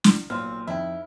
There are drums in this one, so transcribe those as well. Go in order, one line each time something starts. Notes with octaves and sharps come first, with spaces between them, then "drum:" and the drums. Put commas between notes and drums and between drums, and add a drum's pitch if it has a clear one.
drum: snare
B1 A#2 C4 F6
F2 D#4 E4 G5